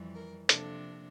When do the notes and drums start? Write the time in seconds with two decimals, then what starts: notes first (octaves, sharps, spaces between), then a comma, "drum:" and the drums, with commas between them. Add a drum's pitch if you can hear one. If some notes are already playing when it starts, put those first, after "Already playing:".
Already playing: F2 E3 G3
0.14 A#4
0.49 C3 F3 A#3 D4 A4, drum: hi-hat